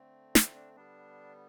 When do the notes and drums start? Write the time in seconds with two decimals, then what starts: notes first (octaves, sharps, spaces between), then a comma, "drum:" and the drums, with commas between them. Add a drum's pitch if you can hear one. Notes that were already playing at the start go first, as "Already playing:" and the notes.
Already playing: D3 A3 C4
0.35 E4, drum: snare
0.55 D4
0.76 D3 G3 B3 D4